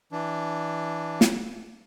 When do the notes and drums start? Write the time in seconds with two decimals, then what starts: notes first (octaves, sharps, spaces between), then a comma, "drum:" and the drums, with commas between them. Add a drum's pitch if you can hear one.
0.12 E3 D4
1.21 drum: snare